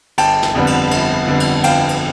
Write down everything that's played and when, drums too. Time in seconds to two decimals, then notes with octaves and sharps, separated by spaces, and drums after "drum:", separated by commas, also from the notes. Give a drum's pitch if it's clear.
0.18 G1 G5 A5, drum: cymbal
0.42 drum: snare
0.55 F2 D3 G3 B3
0.67 drum: cymbal
0.91 G1, drum: cymbal
1.27 F2 D3 G3 B3
1.40 drum: cymbal
1.64 G1 F5 G5, drum: cymbal
1.89 drum: cymbal